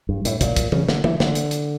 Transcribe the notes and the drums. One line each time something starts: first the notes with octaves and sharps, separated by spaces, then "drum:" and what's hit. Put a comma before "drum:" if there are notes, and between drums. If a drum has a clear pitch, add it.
G2
A2, drum: hi-hat
A#2, drum: kick, hi-hat
drum: kick, hi-hat
C#3, drum: tom E3
D3, drum: snare
E3, drum: tom D3
D3, drum: snare
drum: hi-hat
drum: hi-hat